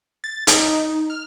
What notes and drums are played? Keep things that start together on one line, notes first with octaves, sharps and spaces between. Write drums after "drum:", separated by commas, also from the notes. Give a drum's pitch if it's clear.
A6
D#4, drum: hi-hat
F6